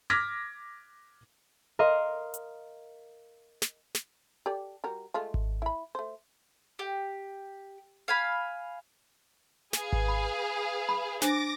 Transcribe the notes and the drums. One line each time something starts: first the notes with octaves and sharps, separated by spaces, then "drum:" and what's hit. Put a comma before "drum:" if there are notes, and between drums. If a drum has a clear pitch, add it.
D6 F6 G#6 A#6 B6
A#4 D#5 F5 C6
drum: hi-hat
drum: snare
drum: snare
G4 A4 D5
G3 F#4 A#4
G#3 A3 F4
drum: kick G#1
E4 B5
A3 C5
G4
F5 G#5 B5
G#4 B4 F5, drum: snare
drum: kick G#1
B5
B5
D4 C5 D6 A6 A#6, drum: snare